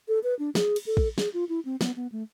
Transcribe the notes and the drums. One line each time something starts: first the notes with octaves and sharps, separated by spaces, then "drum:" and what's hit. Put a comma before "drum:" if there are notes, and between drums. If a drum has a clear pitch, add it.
A4
B4
D4
G#4, drum: snare
drum: cymbal
A4
drum: kick
G#4, drum: snare
F4
E4
C4
B3, drum: snare
B3
A3